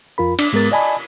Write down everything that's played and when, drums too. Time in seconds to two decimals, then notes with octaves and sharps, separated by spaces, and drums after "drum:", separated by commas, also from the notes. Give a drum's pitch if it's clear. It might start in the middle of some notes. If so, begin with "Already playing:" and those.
0.18 F2 F4 A#4 B5
0.39 D4, drum: cymbal
0.53 G#2 G#3 B3 A#4 A6
0.72 D5 D#5 G#5 A5 B5